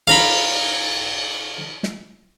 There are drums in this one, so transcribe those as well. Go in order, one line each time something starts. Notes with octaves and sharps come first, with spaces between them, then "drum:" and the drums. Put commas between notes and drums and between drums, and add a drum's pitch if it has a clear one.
F5 A#5 B5, drum: cymbal
drum: snare